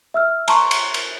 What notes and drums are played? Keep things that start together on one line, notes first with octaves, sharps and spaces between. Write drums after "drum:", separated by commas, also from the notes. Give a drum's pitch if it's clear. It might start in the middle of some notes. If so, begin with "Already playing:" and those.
E5 E6 F6
A5 A#5 C6 C#6, drum: cymbal
drum: cymbal
drum: cymbal